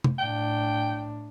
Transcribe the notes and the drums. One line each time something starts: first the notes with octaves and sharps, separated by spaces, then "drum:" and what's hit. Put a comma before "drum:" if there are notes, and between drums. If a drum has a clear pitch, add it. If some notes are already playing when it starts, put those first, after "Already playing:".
drum: tom
A2 D4 G5